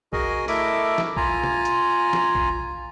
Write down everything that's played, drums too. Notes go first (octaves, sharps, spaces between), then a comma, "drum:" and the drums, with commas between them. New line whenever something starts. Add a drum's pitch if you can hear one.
F#4 G#4 A#4 D#5 G#5, drum: kick A#1
A3 E4 A#4 D#5 E5 D6, drum: open hi-hat
drum: snare
F4 G#5 A#5, drum: kick A#1
drum: tom B2
drum: hi-hat
drum: snare
drum: kick A#1